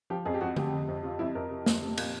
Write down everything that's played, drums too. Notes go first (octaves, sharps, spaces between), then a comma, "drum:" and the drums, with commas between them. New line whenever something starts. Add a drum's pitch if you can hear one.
F3 G4
F2 G#4
G4
F2 F#4
C3 G4, drum: tom D3
C3
F2
C3 F4
F2 E4
F2 A#4
C3
F2, drum: snare
C3
A#2, drum: cymbal